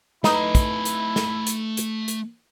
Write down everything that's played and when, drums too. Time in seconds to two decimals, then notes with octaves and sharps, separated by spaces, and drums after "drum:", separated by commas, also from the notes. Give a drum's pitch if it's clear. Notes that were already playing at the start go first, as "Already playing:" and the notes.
0.24 A3 D#4 E4 B4 D#5, drum: snare
0.55 drum: kick, hi-hat
0.85 drum: hi-hat
1.16 drum: snare
1.47 drum: hi-hat
1.77 drum: hi-hat
2.08 drum: hi-hat